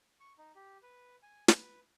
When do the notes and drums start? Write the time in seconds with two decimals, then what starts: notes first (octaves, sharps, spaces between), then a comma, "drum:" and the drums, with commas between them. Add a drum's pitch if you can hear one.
0.20 C#6
0.38 D#4
0.55 G4
0.83 B4
1.23 G#5
1.48 B4, drum: snare